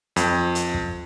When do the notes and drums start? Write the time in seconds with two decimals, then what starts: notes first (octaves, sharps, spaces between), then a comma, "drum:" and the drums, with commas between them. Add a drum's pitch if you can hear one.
0.16 F2, drum: hi-hat
0.55 drum: hi-hat
0.74 drum: kick